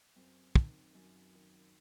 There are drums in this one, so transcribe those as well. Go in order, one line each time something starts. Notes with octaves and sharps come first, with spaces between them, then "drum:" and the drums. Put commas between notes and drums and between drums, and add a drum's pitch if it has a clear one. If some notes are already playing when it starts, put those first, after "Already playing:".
F#2 C4
D#3, drum: kick
F#2
D#3